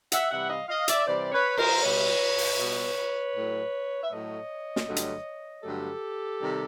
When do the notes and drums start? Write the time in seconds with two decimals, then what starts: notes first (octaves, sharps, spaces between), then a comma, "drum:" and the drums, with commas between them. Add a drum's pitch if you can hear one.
0.12 E5 F#5, drum: hi-hat
0.31 C3 E3 G3 E5 F#5
0.50 D#5 F5
0.69 D#5 F5
0.88 D5 E5, drum: hi-hat
1.07 C3 E3 G3 C5 D5
1.32 B4 C#5
1.58 A#4 C5, drum: cymbal
1.83 B2 G3 B4 C#5
2.38 drum: open hi-hat
2.59 B2 G3
3.34 A2 F#3 A3
4.03 E5
4.11 A2 F#3 A3 C#5 D#5
4.76 drum: snare
4.87 G2 D3 F#3 A3
4.96 drum: hi-hat
5.63 G2 D3 F#3 A3 G4 A4
6.39 C3 D#3 G3